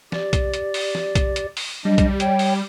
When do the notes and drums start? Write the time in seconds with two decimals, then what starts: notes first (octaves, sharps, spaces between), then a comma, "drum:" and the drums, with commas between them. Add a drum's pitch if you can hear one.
0.12 G4 D5, drum: snare
0.33 drum: kick B1, hi-hat
0.54 drum: hi-hat
0.74 drum: open hi-hat
0.95 drum: snare
1.15 drum: kick B1, hi-hat
1.36 drum: hi-hat
1.57 drum: open hi-hat
1.85 F#3 G3 D4 D#5
1.98 drum: kick B1, hi-hat
2.20 C#5 G5, drum: hi-hat
2.39 drum: open hi-hat